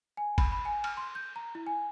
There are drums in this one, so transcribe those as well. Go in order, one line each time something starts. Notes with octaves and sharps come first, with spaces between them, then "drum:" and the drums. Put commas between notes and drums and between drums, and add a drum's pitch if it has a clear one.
G#5
B5, drum: kick G1, cymbal
B5
G#5
F6, drum: cymbal
C6
G6
A#5
E4
G#5